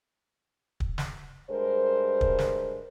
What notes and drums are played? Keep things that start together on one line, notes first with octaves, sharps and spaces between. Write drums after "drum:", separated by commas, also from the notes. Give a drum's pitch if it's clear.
drum: kick
drum: snare
G2 G#3 A#4 C5
drum: kick
drum: snare